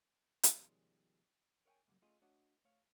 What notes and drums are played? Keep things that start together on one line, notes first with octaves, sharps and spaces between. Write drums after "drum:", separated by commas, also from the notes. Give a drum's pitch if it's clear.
drum: hi-hat
B2 D#3 F3 G3 G#3 C#4
A#4 C#5 F5 G5 G#5
C#2 F#2 A#2 G3
A3 C#4 F4 G#4 D#5
A3 D4 F#4 C#5 D#5 F#5
A3 C#5 F5